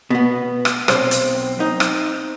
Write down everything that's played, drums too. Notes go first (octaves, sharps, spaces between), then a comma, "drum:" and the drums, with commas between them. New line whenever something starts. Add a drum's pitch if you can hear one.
B2 B3
drum: rim click
B1 C4, drum: rim click
drum: hi-hat
D#4
drum: rim click